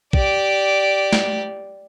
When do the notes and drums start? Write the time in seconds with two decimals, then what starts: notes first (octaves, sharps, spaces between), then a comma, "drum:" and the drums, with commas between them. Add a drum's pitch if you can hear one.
0.13 G4 D5, drum: kick
1.13 drum: snare